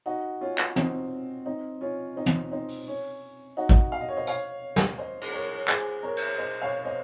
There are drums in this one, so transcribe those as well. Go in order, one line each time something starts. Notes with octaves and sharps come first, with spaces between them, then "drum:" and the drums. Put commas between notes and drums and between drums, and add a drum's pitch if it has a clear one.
D#4 F#4
C#4 F4
drum: clap
C4 D#4, drum: tom
C4 D#4
C#4 F4
C4 D#4
drum: tom
C4 D#4
drum: open hi-hat
C#4
D#4 F#4
drum: kick
F5
D#5
C#5
C5 D#5
C#5 F5, drum: tambourine
drum: snare
C5 D#5
drum: cymbal
A#4 C#5
G#4 C5, drum: clap
A#4 C#5
drum: cymbal
C5 D#5
C#5 F5
C5 D#5